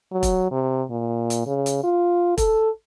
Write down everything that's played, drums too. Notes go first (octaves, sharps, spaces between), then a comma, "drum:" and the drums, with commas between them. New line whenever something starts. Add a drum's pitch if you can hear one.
F#3
drum: kick E1, hi-hat
C3
A#2
drum: hi-hat
C#3
drum: hi-hat
F4
A4, drum: kick E1, hi-hat